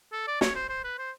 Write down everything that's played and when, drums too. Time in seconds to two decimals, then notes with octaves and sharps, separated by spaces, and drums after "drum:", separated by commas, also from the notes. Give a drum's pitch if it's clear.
0.13 A4
0.27 D5
0.41 C#5, drum: snare
0.55 C5
0.69 C5
0.84 B4
0.98 C5